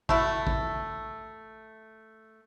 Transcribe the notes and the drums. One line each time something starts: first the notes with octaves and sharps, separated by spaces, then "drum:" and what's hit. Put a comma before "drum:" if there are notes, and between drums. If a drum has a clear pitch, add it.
A3 E4 F#4, drum: kick
drum: kick